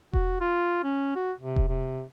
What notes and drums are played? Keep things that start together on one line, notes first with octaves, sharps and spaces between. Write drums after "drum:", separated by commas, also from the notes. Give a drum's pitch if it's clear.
F#4, drum: kick E1
F4
C#4
F#4
C3
drum: kick E1
C3